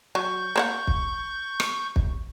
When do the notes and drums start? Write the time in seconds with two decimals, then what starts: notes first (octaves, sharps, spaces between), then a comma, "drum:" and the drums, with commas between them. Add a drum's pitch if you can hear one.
0.15 F#3 C#6 G6
0.56 A#3 C5 F#5
0.87 drum: kick
1.60 drum: rim click
1.96 drum: kick